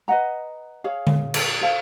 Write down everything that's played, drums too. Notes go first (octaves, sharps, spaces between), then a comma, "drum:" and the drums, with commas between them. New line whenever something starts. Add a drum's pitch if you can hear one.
B4 D#5 F#5 A#5
G#4 C#5 F5
drum: tom D3
drum: cymbal
A4 C5 F5 A5